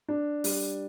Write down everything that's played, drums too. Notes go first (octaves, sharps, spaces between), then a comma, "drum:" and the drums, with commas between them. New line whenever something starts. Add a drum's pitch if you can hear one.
D4
G3, drum: open hi-hat